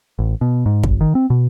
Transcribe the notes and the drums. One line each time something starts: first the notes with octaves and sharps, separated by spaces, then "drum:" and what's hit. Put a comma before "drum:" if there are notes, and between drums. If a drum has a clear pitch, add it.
A1
B2
G#2
G1, drum: kick
D#3
C4
B2